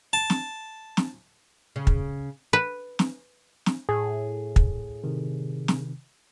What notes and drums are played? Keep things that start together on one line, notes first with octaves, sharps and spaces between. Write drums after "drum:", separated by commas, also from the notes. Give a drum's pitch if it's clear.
A5
drum: snare
drum: snare
C#3
drum: kick
B4
drum: snare
drum: snare
A2 G#4
drum: kick
C3 D#3
drum: snare